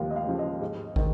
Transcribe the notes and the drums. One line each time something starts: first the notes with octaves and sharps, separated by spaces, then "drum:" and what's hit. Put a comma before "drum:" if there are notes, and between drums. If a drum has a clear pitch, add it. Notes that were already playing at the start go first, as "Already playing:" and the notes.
Already playing: D#2 F3 F5
D#5
F5
C#3 F3
D#5
G#2
D#3, drum: kick